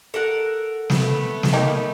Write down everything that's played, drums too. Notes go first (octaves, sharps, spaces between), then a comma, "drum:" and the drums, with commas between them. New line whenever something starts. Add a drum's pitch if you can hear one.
A4 A#4 F#5
A3 B3, drum: snare
drum: snare
A#3 D#4 A#4 G5